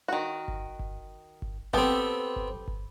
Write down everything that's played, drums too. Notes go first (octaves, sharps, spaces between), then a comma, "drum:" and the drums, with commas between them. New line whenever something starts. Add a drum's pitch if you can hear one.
D#3 F#4
drum: kick G1
drum: kick G1
drum: kick G1
B3 C4 G4 A4, drum: kick G1
drum: kick G1
drum: kick G1